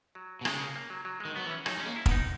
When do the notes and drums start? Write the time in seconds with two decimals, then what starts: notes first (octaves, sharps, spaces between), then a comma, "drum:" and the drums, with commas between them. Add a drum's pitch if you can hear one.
0.15 F#3
0.41 B2
0.45 C#3 G#3, drum: rim click
0.61 A#3
0.76 A#3
0.90 F#3
1.05 F#3
1.20 D#3 G#3
1.36 F#3 B3
1.46 E3
1.51 C#4
1.66 F#3 D#4, drum: rim click
1.77 G#3 C#4
1.86 A#3
1.96 E4
2.06 B3, drum: kick
2.11 D#4